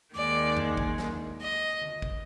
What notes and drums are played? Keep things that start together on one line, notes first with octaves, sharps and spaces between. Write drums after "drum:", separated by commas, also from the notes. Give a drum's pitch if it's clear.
D#2 D#3 G#3 D5
drum: tom E2
drum: kick
drum: snare
D#5
drum: tom D3
drum: kick